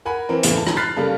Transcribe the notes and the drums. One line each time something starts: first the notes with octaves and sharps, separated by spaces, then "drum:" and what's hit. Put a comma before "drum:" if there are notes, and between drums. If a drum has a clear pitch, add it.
A#4 F#5 G#5 B5
E3 C4 A#4
E2 A2 C#3 E3 A3, drum: hi-hat
A5
drum: rim click
B5 F6 F#6 A6 B6 C7
C#3 G3 A#3 A4